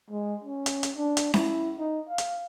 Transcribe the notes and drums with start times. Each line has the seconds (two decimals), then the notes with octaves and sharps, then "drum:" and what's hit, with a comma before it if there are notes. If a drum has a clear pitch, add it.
0.10 G#3
0.44 C#4
0.66 drum: hi-hat
0.83 drum: hi-hat
0.97 D4
1.17 drum: hi-hat
1.34 E4, drum: snare C#4
1.79 D#4
2.09 F5
2.18 drum: hi-hat